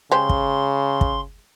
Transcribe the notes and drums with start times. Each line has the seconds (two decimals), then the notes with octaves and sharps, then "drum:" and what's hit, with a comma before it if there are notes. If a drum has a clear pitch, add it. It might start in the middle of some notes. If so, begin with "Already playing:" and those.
0.12 C#3 G#3 G4 C5 C6
0.29 drum: kick
1.01 drum: kick